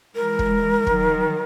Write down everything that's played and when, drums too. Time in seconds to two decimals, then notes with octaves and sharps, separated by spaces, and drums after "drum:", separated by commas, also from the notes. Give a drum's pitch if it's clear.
0.15 E3 G#3 A#4
0.39 drum: kick
0.87 D#3 F#3, drum: kick